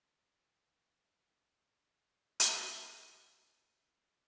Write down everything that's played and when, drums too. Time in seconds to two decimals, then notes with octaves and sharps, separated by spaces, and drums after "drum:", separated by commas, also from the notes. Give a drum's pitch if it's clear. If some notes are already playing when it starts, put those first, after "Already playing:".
Already playing: C3 F3 G#3 C#4 D#4
1.38 D3 G3 D#4 F4
2.40 drum: hi-hat
2.90 D3 F3 A3
3.66 E4 F#4